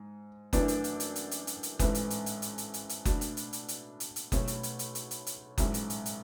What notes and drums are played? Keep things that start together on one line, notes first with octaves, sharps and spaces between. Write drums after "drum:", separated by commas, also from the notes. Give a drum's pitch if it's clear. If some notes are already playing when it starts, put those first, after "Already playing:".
Already playing: G#2
F#2 E3 A3 D4, drum: kick F#1, hi-hat
drum: hi-hat
drum: hi-hat
drum: hi-hat
drum: hi-hat
drum: hi-hat
drum: hi-hat
drum: hi-hat
A1 G#2 E3, drum: kick F#1, hi-hat
drum: hi-hat
drum: hi-hat
drum: hi-hat
drum: hi-hat
drum: hi-hat
drum: hi-hat
drum: hi-hat
B2 A3 D4, drum: kick F#1, hi-hat
drum: hi-hat
drum: hi-hat
drum: hi-hat
drum: hi-hat
drum: hi-hat
drum: hi-hat
B1 B2 A3 C#4, drum: kick F#1, hi-hat
drum: hi-hat
drum: hi-hat
drum: hi-hat
drum: hi-hat
drum: hi-hat
drum: hi-hat
A1 G#2 F#3, drum: kick F#1, hi-hat
drum: hi-hat
drum: hi-hat
drum: hi-hat